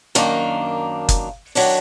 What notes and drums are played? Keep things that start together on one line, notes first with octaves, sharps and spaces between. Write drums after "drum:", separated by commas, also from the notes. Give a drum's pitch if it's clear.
F#2 D#3 A#3 D4, drum: hi-hat
drum: kick F#1, hi-hat
D#3 F#3 D4, drum: open hi-hat